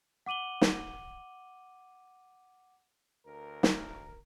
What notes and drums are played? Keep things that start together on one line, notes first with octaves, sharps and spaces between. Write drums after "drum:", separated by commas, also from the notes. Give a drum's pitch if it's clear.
F#5 D6 D#7 F#7 G7
drum: snare
D2 A#4
drum: snare